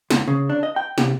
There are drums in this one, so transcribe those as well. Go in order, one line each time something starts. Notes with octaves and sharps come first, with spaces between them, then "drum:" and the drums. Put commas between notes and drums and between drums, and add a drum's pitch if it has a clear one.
C#2, drum: snare
C#3
D4
D#5
G5
C3, drum: snare